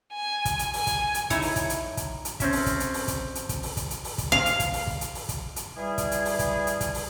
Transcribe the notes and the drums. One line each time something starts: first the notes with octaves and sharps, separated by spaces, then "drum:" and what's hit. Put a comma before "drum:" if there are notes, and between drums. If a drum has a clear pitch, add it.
G#5
drum: kick, hi-hat
drum: hi-hat
G#5, drum: open hi-hat
drum: kick, hi-hat
drum: hi-hat
D#4 E4 C#5, drum: kick, hi-hat
drum: open hi-hat
drum: kick, hi-hat
drum: hi-hat
drum: kick, hi-hat
drum: hi-hat
C4 C#4 E5, drum: kick, hi-hat
drum: open hi-hat
drum: kick, hi-hat
drum: hi-hat
drum: open hi-hat
drum: kick, hi-hat
drum: hi-hat
drum: kick, hi-hat
drum: open hi-hat
drum: kick, hi-hat
drum: hi-hat
drum: open hi-hat
drum: kick, hi-hat
F5
drum: hi-hat
drum: kick, hi-hat
drum: open hi-hat
drum: kick
drum: hi-hat
drum: open hi-hat
drum: kick, hi-hat
drum: hi-hat
E3 G3 G#4
drum: kick, hi-hat
drum: hi-hat
drum: open hi-hat
drum: kick, hi-hat
drum: hi-hat
drum: kick, hi-hat
drum: open hi-hat